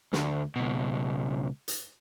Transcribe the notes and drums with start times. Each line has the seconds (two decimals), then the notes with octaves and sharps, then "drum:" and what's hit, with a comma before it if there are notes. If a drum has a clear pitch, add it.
0.13 D2, drum: snare
0.56 C#2 B2
1.68 drum: hi-hat